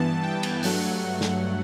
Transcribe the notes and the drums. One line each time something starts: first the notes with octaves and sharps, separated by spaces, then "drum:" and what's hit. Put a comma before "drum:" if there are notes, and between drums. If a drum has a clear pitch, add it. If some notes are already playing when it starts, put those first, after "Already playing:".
Already playing: G2 E3 B3 A5
G5
drum: cymbal
G2 F#3 A3 F#5, drum: open hi-hat
drum: snare